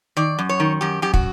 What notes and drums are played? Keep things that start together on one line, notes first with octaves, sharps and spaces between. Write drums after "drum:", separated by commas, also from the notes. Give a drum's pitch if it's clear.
D#3 D5
F#2
C#5
D#3
F#2 G4
F#2 G4
F#4, drum: kick